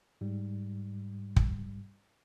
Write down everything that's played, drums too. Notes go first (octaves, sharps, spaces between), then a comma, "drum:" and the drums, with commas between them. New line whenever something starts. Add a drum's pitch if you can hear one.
G#2 G3
drum: kick